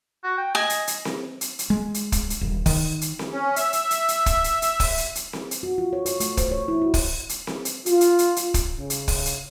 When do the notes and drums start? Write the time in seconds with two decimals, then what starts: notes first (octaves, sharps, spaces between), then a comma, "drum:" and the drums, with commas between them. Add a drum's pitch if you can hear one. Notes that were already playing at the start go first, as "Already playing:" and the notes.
0.24 F#4
0.38 G5
0.55 D#5 G#5
0.70 drum: hi-hat
0.87 drum: hi-hat
1.05 drum: snare C4
1.41 drum: hi-hat
1.59 drum: hi-hat
1.70 G#3
1.94 drum: hi-hat
2.12 drum: kick, hi-hat
2.30 drum: hi-hat
2.41 D#1
2.66 D#3, drum: kick, open hi-hat
3.01 drum: hi-hat
3.19 drum: snare C4
3.33 C#4
3.56 E5, drum: hi-hat
3.73 drum: hi-hat
3.91 drum: hi-hat
4.08 drum: hi-hat
4.26 drum: kick, hi-hat
4.44 drum: hi-hat
4.62 drum: hi-hat
4.80 drum: kick, open hi-hat
4.98 drum: hi-hat
5.15 drum: hi-hat
5.33 drum: snare C4
5.51 drum: hi-hat
5.63 F#4
5.78 F4
5.93 C#5
6.06 C#5, drum: hi-hat
6.20 A3, drum: hi-hat
6.37 C5, drum: kick, hi-hat
6.51 C#5
6.68 E4
6.82 F#4
6.94 drum: kick, open hi-hat
7.29 drum: hi-hat
7.47 drum: snare C4
7.65 drum: hi-hat
7.86 F4, drum: hi-hat
8.01 drum: hi-hat
8.19 drum: hi-hat
8.36 drum: hi-hat
8.54 drum: kick, hi-hat
8.77 C#3
8.90 drum: hi-hat
9.08 drum: kick, open hi-hat
9.25 drum: hi-hat